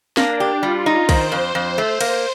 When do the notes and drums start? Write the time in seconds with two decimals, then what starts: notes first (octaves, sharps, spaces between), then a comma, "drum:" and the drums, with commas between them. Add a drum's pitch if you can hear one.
0.17 A#3 D4, drum: snare
0.40 G4
0.63 G3 F4
0.86 D#4
1.09 D#3 C5, drum: kick B1, cymbal
1.32 F2
1.55 F2
1.78 A3
2.01 A#3, drum: cymbal